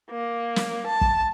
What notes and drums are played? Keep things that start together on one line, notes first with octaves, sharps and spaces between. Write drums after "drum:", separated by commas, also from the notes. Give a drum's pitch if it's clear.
A#3
drum: snare
A5
drum: kick